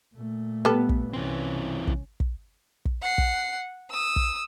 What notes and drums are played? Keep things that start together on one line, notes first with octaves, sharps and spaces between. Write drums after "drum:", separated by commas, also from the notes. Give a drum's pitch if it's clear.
A#2 A3
G3 B3 A4
drum: kick
C2 E3 C4 C#4
drum: kick
drum: kick
drum: kick
F#5 C7
drum: kick
D#6 E6
drum: kick